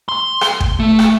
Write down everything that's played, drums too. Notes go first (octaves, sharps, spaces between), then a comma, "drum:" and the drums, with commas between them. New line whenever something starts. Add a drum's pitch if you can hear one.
C6
drum: rim click
drum: kick
A3
drum: rim click